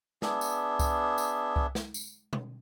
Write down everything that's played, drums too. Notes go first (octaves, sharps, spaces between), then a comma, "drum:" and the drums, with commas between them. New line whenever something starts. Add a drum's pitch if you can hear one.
B3 D4 G#4 E5, drum: snare
drum: tambourine
drum: kick C2, tambourine
drum: tambourine
drum: kick C2
drum: snare
drum: tambourine
drum: tom B2